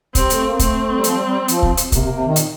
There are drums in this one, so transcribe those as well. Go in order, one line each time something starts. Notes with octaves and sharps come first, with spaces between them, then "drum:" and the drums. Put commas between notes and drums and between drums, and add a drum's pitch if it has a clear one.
G3 C4, drum: kick, hi-hat
A3, drum: hi-hat
A#3
A3 C4, drum: kick, hi-hat
G3
F3, drum: hi-hat
G3
G3
F3, drum: hi-hat
drum: kick
drum: hi-hat
C3 A#3, drum: kick, hi-hat
C3
C3
D#3
A#2, drum: hi-hat